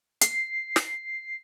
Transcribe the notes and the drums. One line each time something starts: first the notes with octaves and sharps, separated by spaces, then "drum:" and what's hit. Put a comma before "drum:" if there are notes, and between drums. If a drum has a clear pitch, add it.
C7, drum: hi-hat
drum: snare